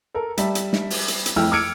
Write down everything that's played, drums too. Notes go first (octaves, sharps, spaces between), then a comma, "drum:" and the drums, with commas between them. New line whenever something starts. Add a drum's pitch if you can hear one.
A4 A#4
G3 E5 A5, drum: hi-hat
drum: hi-hat
drum: snare
drum: open hi-hat
drum: hi-hat
drum: hi-hat
F2 A3 E4 G5 E6 F6
D6 E6 F6 G#6 C#7 D7